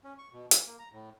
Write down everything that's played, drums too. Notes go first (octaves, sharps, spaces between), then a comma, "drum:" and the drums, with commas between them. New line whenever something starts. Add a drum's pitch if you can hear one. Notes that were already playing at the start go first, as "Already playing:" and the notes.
C#4
C#6
B2
E3, drum: hi-hat
A#3
A#5
A2